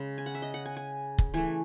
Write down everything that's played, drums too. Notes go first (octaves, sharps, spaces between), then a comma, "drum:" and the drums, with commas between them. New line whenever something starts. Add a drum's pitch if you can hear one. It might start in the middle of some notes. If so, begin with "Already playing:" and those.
Already playing: C#3 G#3
G#5
F#5
E5
D#5
F#5
G#5
G#5
drum: kick
E3 A3 G#5